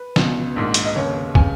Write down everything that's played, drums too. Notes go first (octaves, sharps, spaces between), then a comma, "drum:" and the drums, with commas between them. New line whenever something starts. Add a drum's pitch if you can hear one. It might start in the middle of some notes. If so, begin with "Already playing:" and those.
Already playing: B4
C#2 B2, drum: snare
A#1 G#2 D#3
drum: hi-hat
D#5
F1 D#2 C#3 C#5
C#3 G#5, drum: kick